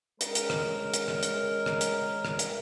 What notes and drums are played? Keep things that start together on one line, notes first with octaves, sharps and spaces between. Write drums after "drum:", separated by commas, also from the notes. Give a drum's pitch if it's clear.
G#3 C#4 A#4, drum: hi-hat
drum: hi-hat
drum: rim click
drum: hi-hat
drum: rim click
drum: hi-hat
drum: rim click
drum: hi-hat
drum: rim click
drum: hi-hat